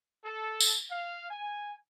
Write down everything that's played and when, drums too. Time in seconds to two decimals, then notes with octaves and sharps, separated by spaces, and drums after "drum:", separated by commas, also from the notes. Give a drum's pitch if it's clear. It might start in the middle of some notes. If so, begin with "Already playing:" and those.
0.24 A4
0.60 drum: tambourine
0.90 F5
1.30 G#5